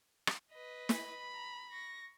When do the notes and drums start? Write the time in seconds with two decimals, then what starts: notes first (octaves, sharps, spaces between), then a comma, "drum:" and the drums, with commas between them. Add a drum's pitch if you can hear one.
0.27 drum: rim click
0.52 B4 D#5
0.89 B5, drum: snare
1.34 A#5
1.70 C#6 A#6